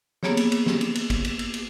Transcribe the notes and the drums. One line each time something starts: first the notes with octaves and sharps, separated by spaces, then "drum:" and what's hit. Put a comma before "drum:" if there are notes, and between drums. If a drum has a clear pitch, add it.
A#3 B3 G#4 C#5, drum: snare
drum: cymbal
drum: cymbal
drum: snare
drum: cymbal
drum: cymbal
drum: kick, cymbal
drum: cymbal
drum: cymbal
drum: cymbal